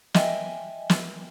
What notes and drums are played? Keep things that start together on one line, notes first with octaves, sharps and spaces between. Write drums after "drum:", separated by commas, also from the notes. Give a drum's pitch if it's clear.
D#5 E5 G5 G#5, drum: snare
drum: snare